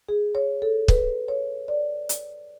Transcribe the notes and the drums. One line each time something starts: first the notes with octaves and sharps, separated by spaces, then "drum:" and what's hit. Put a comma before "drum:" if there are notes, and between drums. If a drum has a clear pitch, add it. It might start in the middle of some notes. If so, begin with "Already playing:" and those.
G#4
C#5
A4
B4, drum: kick
C#5
D5
drum: hi-hat